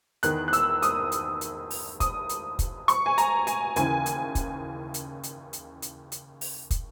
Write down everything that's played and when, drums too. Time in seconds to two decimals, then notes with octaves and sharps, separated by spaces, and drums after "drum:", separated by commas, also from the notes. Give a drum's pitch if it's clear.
0.23 E2 D#3 F#6, drum: hi-hat
0.48 F#6
0.53 E6, drum: hi-hat
0.82 D#6, drum: hi-hat
1.12 drum: hi-hat
1.41 drum: hi-hat
1.70 drum: open hi-hat
2.00 D#6, drum: kick, hi-hat
2.29 drum: hi-hat
2.59 drum: kick, hi-hat
2.88 C#6, drum: hi-hat
3.06 G#5
3.18 A#5, drum: hi-hat
3.47 G#5, drum: hi-hat
3.76 D#2 C#3 E3 G#5, drum: hi-hat
4.06 drum: hi-hat
4.35 drum: kick, hi-hat
4.94 drum: hi-hat
5.23 drum: hi-hat
5.53 drum: hi-hat
5.82 drum: hi-hat
6.12 drum: hi-hat
6.41 drum: open hi-hat
6.70 drum: kick, hi-hat